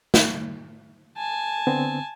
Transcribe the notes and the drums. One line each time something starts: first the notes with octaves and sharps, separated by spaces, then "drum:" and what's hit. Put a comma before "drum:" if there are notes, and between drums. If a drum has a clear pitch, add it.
drum: snare
G#5 A5
D3 B3 C4